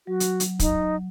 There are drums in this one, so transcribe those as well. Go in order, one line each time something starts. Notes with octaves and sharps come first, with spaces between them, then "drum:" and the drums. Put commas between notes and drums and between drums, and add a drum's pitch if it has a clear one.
F#3 F#4
drum: hi-hat
drum: hi-hat
D#4, drum: kick, hi-hat